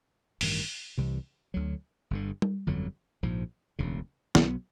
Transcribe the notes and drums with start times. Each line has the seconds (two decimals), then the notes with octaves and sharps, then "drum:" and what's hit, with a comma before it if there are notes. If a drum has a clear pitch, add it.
0.41 A1 G2 D#3, drum: open hi-hat
0.97 C2 C3 E3 G3
1.54 D2 D3 F#3
2.11 G1 G2 D3
2.42 drum: tom G3
2.67 G1 F2 D3 F#3
3.23 A#1 G#2 F3
3.79 E1 D2 C#3
4.35 B1 B2 F#3 B3, drum: snare